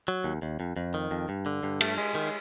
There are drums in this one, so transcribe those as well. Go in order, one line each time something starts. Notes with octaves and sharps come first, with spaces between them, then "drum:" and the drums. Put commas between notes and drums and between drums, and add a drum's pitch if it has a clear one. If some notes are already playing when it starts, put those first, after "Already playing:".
F#3
D#2
D#2
F2
F2
D#3
F2
G2
D3
G2
A3, drum: cymbal
G#3
D#3